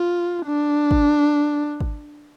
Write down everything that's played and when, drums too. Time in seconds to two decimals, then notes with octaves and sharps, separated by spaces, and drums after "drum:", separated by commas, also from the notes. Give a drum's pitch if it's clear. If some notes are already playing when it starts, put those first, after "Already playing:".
Already playing: F4
0.46 D4
0.91 drum: kick G#1
1.80 drum: kick G#1